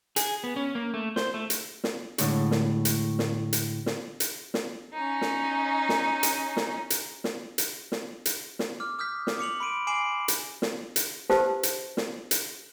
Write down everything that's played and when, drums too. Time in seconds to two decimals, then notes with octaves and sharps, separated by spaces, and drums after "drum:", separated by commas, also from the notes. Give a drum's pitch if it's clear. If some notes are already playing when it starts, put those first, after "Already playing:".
0.16 G#4, drum: hi-hat
0.44 B3
0.56 C#4
0.75 A#3
0.94 A3
1.16 C5, drum: snare
1.34 A3
1.50 drum: hi-hat
1.84 drum: snare
2.18 A2 D3 D#3 G#3 D4 C#5, drum: hi-hat
2.51 drum: snare
2.85 drum: hi-hat
3.19 drum: snare
3.53 drum: hi-hat
3.86 drum: snare
4.20 drum: hi-hat
4.54 drum: snare
4.93 C#4 D#4
5.21 drum: snare
5.89 drum: snare
6.23 drum: hi-hat
6.57 drum: snare
6.90 drum: hi-hat
7.24 drum: snare
7.58 drum: hi-hat
7.92 drum: snare
8.26 drum: hi-hat
8.59 drum: snare
8.80 D6 F6
8.99 D#6 F6 G6 B6
9.27 drum: snare
9.39 D6 C#7 F7 F#7
9.60 B5 C6 D7 D#7
9.87 G#5 D6 C7 D7 E7 F#7
10.28 drum: hi-hat
10.62 drum: snare
10.96 drum: hi-hat
11.30 G4 A4 B4 C5 F5 A5, drum: snare
11.63 drum: hi-hat
11.97 drum: snare
12.31 drum: hi-hat